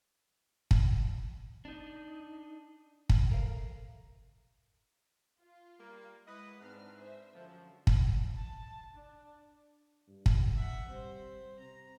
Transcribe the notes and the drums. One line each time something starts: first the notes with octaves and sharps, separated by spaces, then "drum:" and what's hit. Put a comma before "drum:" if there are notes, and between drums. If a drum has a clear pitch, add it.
drum: kick
D4 D#4
drum: kick
A#4 F5
F4
G3 A#3
G#3 E4 B4 D#5 F#5
G#2 C4 D4 B4 F6
C5 E5
F#2 D3 F3
drum: kick
A5
D4
G2
drum: kick
E5 F#5
G3 C4 C5
C3 A#5